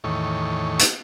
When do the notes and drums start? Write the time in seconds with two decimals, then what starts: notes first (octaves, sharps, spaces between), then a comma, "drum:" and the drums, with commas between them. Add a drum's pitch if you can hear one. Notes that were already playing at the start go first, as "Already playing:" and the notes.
0.04 E2 A2 D#3 C#5
0.79 drum: hi-hat